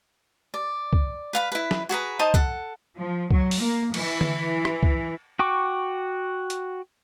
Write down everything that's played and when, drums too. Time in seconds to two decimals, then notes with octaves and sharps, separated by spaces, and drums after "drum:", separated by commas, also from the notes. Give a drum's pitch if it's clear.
0.54 D5
0.93 drum: kick
1.33 B4 F5 B5
1.52 E4 B4
1.71 drum: snare
1.89 F#4 G#4 B4 A#5
2.19 D#4 C5 A5 D#6
2.34 A4 F#5, drum: kick
2.97 F3
3.31 F#3, drum: kick
3.51 drum: open hi-hat
3.60 A#3
3.94 E3, drum: cymbal
4.21 drum: tom D3
4.65 drum: rim click
4.83 drum: kick
5.39 F#4 G5 C#6 D6
6.50 drum: hi-hat